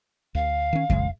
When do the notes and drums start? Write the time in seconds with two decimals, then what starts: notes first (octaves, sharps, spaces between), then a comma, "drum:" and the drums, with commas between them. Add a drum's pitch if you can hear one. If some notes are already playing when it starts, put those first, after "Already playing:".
0.35 D2 F5
0.73 D#3 C#4
0.90 A#1 C#3 G#3, drum: kick F2